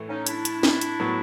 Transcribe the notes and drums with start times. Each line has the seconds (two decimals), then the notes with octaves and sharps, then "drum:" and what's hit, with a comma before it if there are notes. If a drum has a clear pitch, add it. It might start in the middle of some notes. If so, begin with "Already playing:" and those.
Already playing: A2 E3 A3
0.09 C#4 D#4
0.27 D4 E4, drum: hi-hat
0.45 drum: hi-hat
0.63 drum: snare
0.81 drum: hi-hat
1.00 A2 F#3 B3